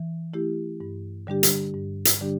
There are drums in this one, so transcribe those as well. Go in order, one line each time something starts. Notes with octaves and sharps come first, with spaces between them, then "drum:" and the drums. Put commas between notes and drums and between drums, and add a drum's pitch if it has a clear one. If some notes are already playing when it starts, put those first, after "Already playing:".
Already playing: E3
A3 E4 G4
G2
D3 G3 D4 G4
drum: hi-hat
G2
drum: hi-hat
D3 G3 D4 G4